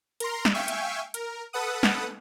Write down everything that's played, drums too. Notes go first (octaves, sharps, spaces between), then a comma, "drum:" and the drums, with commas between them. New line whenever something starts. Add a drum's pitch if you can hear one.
A#4 A#5 C6, drum: hi-hat
drum: snare
E5 F5 G5 G#5 C#6
drum: hi-hat
A#4, drum: hi-hat
A4 B4 F#5 D#6
drum: snare